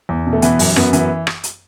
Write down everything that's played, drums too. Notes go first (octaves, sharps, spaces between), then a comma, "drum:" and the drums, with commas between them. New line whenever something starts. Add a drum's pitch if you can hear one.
E2
B2
A3
E3 B3, drum: hi-hat
F#2, drum: open hi-hat
F#2 B3, drum: rim click
E3 B3, drum: hi-hat
drum: rim click
drum: hi-hat